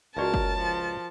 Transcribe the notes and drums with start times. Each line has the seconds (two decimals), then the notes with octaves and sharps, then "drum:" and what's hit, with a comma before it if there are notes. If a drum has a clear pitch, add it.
0.17 C#2 F#4 A#4 C#5 D5 E5 A5
0.34 drum: kick
0.59 F3